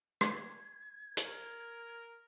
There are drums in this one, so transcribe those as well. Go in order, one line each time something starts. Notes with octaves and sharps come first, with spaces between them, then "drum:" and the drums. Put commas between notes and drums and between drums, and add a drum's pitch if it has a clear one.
G#6, drum: rim click
A#4, drum: hi-hat